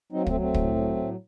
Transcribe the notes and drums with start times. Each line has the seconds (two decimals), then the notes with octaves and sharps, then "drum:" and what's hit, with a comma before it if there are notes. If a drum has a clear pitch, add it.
0.12 F#3 C4 D#4
0.22 A#3
0.26 A3 C4, drum: kick
0.33 F#3
0.41 A3 C4
0.54 A2, drum: kick
0.76 F#3
0.97 A2